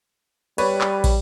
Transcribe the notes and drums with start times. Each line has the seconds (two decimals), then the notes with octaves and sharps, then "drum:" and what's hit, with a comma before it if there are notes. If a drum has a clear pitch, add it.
0.58 G3 B4 C#5 D5, drum: cymbal
0.81 drum: clap
1.04 drum: kick, cymbal